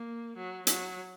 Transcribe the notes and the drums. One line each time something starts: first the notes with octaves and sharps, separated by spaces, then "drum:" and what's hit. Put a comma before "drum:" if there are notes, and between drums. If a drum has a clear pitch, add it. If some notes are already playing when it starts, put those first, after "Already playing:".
Already playing: A#3
F#3
F#3, drum: hi-hat